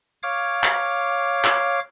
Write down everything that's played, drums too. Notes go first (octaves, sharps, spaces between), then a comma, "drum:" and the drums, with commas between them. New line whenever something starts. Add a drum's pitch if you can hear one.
C#5 F5 D6
drum: clap
drum: clap